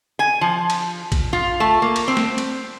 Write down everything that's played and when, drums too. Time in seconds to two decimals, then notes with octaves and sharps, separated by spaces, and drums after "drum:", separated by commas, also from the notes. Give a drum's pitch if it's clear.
0.19 G#5
0.41 F3
0.70 drum: cymbal
1.12 drum: kick, cymbal
1.33 F4
1.60 A3
1.82 A#3
1.96 drum: cymbal
2.08 C4
2.17 drum: snare
2.38 drum: cymbal